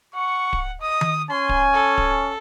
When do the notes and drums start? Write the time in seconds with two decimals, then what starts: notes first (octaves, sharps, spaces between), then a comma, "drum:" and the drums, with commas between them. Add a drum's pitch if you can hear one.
0.15 F#5 C#6
0.53 drum: kick D1
0.82 D#5 D#6
1.01 drum: tom D#3
1.31 C#4 G#5 C6
1.49 drum: kick D1
1.73 A4
1.98 drum: kick D1